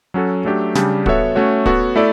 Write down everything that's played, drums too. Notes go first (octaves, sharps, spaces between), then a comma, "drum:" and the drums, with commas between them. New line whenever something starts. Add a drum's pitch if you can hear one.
F#3 C#4 F#4 A4
F#3 A3 D4 G4
C#3 G3 D4 G4, drum: snare
B3 F#4 A4 C#5 E5, drum: kick
A3 C#4 F#4 C#5
B3 F#4 A4 C#5, drum: kick
A3 E4 A4 D5